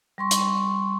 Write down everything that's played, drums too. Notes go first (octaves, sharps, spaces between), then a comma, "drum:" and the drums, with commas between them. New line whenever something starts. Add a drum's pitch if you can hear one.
G3 C6 C#6
drum: hi-hat